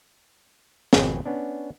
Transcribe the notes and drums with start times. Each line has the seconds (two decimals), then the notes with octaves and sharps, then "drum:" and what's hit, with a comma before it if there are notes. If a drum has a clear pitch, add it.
0.93 G#1 F2 B2 G5 G#5, drum: snare
1.26 B3 C#4 D4